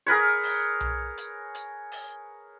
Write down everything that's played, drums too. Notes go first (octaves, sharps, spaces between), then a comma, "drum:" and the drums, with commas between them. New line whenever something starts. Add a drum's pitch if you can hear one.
G#4 A#4 B4 C#5
drum: open hi-hat
drum: tom B1
drum: hi-hat
drum: hi-hat
drum: open hi-hat